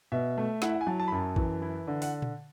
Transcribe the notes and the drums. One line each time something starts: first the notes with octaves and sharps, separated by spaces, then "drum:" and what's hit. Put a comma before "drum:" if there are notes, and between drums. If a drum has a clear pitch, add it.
B2 E5
A3
E4 F#5, drum: snare
E5
F#5
G#5
F#3 A5
A5
B5
F#2 A5
E3, drum: kick
E4
D3
F#5, drum: open hi-hat
drum: tom A#2